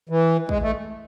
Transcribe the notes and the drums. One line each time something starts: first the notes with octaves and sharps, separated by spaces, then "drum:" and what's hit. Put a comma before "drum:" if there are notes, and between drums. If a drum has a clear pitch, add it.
E3
G#3, drum: kick
A3